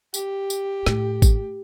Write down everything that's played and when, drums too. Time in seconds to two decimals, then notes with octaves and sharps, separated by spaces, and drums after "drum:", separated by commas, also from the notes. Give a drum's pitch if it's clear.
0.14 G4, drum: tambourine
0.50 drum: tambourine
0.86 A2, drum: snare
1.22 drum: kick G#1, tambourine